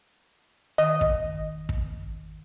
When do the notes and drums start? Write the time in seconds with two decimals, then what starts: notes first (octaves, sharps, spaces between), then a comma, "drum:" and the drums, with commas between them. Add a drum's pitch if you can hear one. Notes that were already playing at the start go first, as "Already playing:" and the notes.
0.78 D#3 D#5
1.01 drum: kick
1.69 drum: kick